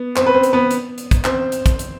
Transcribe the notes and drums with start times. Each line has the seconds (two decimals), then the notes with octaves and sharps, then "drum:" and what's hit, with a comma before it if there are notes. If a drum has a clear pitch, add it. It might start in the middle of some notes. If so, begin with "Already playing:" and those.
Already playing: B3
0.16 C4 C5, drum: clap
0.26 B4
0.34 C4 C5
0.43 drum: hi-hat
0.53 B3 B4
0.71 drum: hi-hat
0.98 drum: hi-hat
1.11 drum: kick, hi-hat
1.25 C4 C5, drum: clap
1.52 drum: hi-hat
1.66 drum: kick, hi-hat
1.79 drum: hi-hat